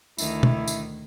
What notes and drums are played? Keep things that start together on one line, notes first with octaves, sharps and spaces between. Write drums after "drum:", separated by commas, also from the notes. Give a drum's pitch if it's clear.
D2 D#3 E4, drum: tambourine
drum: tom
drum: tambourine